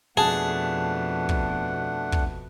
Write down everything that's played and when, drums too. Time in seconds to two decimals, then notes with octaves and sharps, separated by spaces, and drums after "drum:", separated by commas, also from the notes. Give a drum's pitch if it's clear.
0.17 F2 B2 A3 D4 G#4 F#5 A5
1.29 drum: kick
2.12 drum: kick